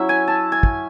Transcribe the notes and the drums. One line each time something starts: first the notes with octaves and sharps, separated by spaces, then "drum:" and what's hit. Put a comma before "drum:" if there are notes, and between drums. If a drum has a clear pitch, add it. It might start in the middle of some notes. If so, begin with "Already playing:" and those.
Already playing: F#3 C#4 E4 E5
G#5
A5
G#5
drum: kick